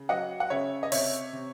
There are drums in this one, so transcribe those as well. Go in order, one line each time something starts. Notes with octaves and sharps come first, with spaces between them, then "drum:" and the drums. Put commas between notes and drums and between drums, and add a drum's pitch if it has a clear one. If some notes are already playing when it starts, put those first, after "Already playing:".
Already playing: C#3
F#3 D#5 F#5
F#5
C#3 C#5 E5
D#5
C3 C#5 E5, drum: open hi-hat
C3